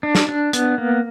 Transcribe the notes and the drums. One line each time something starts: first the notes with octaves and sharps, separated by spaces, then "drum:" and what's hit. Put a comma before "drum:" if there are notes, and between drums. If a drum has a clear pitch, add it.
D4
drum: snare
D4
B3, drum: hi-hat
A#3